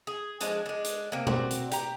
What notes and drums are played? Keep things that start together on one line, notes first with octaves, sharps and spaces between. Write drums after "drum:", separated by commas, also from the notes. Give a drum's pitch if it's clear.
G#4
F3 G#3 D4 G#4, drum: hi-hat
G#3 D4
drum: hi-hat
C3 A#3
C4 F#4 A#4 D5, drum: tom B2
drum: hi-hat
G4 A#5, drum: hi-hat